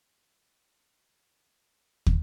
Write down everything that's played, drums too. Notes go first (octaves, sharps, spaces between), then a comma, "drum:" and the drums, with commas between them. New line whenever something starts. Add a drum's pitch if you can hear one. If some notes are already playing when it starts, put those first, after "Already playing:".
G#5
D5
D#4
drum: kick